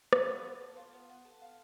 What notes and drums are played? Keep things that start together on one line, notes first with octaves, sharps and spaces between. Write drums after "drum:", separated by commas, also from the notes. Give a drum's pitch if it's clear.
F4 B4, drum: rim click
B3
B3
A4
F4
B3
B3
A4
F4